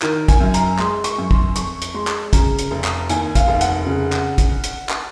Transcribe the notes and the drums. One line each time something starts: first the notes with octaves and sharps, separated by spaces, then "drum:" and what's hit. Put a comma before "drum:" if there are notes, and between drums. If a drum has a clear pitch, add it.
D#3 A#4, drum: clap
G#5, drum: kick, hi-hat
F#2
A#5, drum: hi-hat
G#3 C6, drum: clap
C#6, drum: hi-hat
F#2
C6, drum: kick
F2 C#6, drum: hi-hat
drum: hi-hat
G#3 C6
drum: clap
C#3 A#5, drum: kick, hi-hat
drum: hi-hat
F1
drum: clap
D#2 G#5, drum: hi-hat
F5, drum: kick, hi-hat
F1
F#5, drum: hi-hat
C#3
drum: clap
drum: kick, hi-hat
drum: hi-hat
drum: clap